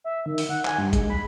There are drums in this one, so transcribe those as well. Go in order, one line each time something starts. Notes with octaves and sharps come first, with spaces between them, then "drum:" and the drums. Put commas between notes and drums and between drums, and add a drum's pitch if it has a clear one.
E5
D#3
drum: open hi-hat
F#5
G#5, drum: clap
G2
G#3, drum: kick G#1, hi-hat
B5